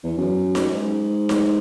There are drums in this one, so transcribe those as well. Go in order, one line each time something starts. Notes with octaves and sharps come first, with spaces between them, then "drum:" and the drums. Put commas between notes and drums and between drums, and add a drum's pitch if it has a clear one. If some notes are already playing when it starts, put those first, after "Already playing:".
E2
F#2
drum: snare D#4
G#2
drum: snare D#4